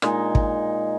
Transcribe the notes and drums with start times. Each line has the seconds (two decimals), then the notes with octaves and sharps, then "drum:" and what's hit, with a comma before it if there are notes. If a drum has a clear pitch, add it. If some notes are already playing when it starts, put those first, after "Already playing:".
0.02 A#2 G#3 D#4, drum: rim click
0.35 drum: kick